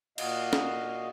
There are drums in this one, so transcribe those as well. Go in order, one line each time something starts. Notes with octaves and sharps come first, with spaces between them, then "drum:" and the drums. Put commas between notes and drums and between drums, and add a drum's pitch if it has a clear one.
A#2 F#4 D#5 F5, drum: cymbal
drum: snare